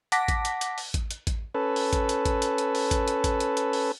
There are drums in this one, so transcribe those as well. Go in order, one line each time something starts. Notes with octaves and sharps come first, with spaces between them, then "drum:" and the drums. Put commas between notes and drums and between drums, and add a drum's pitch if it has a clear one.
F#5 A5 D6 A#6 B6, drum: hi-hat
drum: kick A1, hi-hat
drum: hi-hat
drum: hi-hat
drum: open hi-hat
drum: kick A1, hi-hat
drum: hi-hat
drum: kick A1, hi-hat
C#4 A4 B4
drum: open hi-hat
drum: kick A1, hi-hat
drum: hi-hat
drum: kick A1, hi-hat
drum: hi-hat
drum: hi-hat
drum: open hi-hat
drum: kick A1, hi-hat
drum: hi-hat
drum: kick A1, hi-hat
drum: hi-hat
drum: hi-hat
drum: open hi-hat